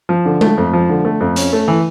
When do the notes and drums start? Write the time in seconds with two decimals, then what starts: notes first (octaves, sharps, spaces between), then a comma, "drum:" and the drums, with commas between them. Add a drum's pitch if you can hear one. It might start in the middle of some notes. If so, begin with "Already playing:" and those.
0.09 F3
0.25 D3
0.41 A3, drum: tom G#3
0.57 F2
0.73 F3
0.89 D3
1.05 A3
1.20 F2
1.36 C#4, drum: hi-hat
1.53 A3
1.68 E3